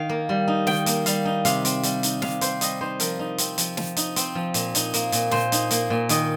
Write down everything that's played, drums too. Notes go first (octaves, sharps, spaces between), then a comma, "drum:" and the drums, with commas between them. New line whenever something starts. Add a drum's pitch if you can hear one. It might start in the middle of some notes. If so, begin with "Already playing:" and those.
Already playing: D#3 F5
A#3
G3
D#4
D#3 G5, drum: snare
A#3, drum: hi-hat
G3 F5, drum: hi-hat
D#4
C3 F5, drum: hi-hat
C4, drum: hi-hat
G3, drum: hi-hat
D#4, drum: hi-hat
C3 F5, drum: snare
C4 C5, drum: hi-hat
G3 D#5, drum: hi-hat
D#4 C5
F3 A#4, drum: hi-hat
D#4
C4, drum: hi-hat
F3, drum: hi-hat
F3, drum: snare
D#4, drum: hi-hat
C4, drum: hi-hat
F3
A#2, drum: hi-hat
D#4, drum: hi-hat
A#3, drum: hi-hat
A#2, drum: hi-hat
A#2 C5, drum: snare
D#4, drum: hi-hat
A#3, drum: hi-hat
A#2
D#3 D#5, drum: hi-hat